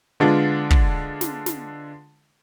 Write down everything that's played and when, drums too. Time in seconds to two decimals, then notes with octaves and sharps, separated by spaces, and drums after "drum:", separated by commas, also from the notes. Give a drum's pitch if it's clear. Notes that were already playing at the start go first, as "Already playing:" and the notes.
0.20 D3 G#3 B3 D4 F4
0.70 drum: kick
1.21 drum: snare
1.46 drum: snare